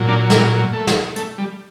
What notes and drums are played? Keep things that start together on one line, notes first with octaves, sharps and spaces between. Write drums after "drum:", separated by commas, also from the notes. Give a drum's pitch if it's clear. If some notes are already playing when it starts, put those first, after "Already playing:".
Already playing: A#2 F#3
A#3 D4
G3 A#3, drum: snare
A3
drum: snare
A3, drum: hi-hat
G3